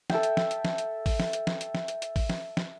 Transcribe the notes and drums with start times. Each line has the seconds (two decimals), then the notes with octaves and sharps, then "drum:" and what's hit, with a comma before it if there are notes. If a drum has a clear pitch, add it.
0.10 A4 E5 G5, drum: snare
0.23 drum: hi-hat
0.37 drum: snare
0.51 drum: hi-hat
0.65 drum: snare
0.78 drum: hi-hat
1.06 drum: kick, open hi-hat
1.20 drum: snare
1.33 drum: hi-hat
1.47 drum: snare
1.61 drum: hi-hat
1.75 drum: snare
1.88 drum: hi-hat
2.02 drum: hi-hat
2.16 drum: kick, open hi-hat
2.30 drum: snare
2.57 drum: snare